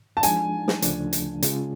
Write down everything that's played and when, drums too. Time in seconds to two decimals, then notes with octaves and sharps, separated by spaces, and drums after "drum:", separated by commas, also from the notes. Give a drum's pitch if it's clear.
0.17 A5
0.23 F3 G#3 D4 G#5, drum: hi-hat
0.68 drum: snare
0.82 D2 C#3 F3 A3 D4, drum: hi-hat
1.13 drum: hi-hat
1.43 C#3 G#3 C#4 F4, drum: hi-hat